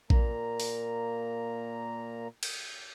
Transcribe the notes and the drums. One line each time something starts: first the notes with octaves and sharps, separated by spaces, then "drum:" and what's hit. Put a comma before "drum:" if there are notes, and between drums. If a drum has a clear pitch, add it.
A#2 A#3 A#5, drum: kick A#1
drum: open hi-hat
drum: cymbal